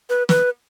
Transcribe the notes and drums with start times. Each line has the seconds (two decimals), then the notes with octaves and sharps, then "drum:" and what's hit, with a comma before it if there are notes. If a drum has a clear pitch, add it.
0.10 B4
0.29 B4, drum: snare